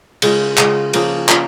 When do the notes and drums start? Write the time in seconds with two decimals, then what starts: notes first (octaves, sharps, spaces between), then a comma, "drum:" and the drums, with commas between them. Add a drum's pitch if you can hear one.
0.22 C#3 G#3 F4, drum: cymbal
0.58 C#3 G#3 F4, drum: clap
0.93 F3 A#3 C#4 G#4, drum: cymbal
1.29 F3 A#3 C#4, drum: clap